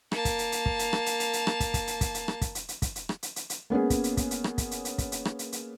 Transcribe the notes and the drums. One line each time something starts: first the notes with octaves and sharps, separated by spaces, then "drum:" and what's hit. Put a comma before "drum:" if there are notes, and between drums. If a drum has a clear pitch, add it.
A#3 A5, drum: rim click
drum: kick, hi-hat
drum: hi-hat
drum: hi-hat
drum: kick
drum: hi-hat
drum: rim click
drum: hi-hat
drum: hi-hat
drum: hi-hat
drum: rim click
drum: kick, hi-hat
drum: kick, hi-hat
drum: hi-hat
drum: kick, hi-hat
drum: hi-hat
drum: rim click
drum: kick, hi-hat
drum: hi-hat
drum: hi-hat
drum: kick, hi-hat
drum: hi-hat
drum: rim click
drum: hi-hat
drum: hi-hat
drum: hi-hat
A#3 B3 C#4 G#4
drum: kick, hi-hat
drum: hi-hat
drum: kick, hi-hat
drum: hi-hat
drum: rim click
drum: kick, hi-hat
drum: hi-hat
drum: hi-hat
drum: kick, hi-hat
drum: hi-hat
drum: rim click
drum: hi-hat
drum: hi-hat